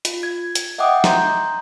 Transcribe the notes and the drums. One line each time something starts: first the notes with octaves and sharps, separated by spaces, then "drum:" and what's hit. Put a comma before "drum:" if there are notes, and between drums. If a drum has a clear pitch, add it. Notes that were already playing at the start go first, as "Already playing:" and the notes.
F4, drum: hi-hat
G#6
drum: hi-hat
D#5 E5 F#5 G5 D6 D#6
A#5 C6 G6, drum: snare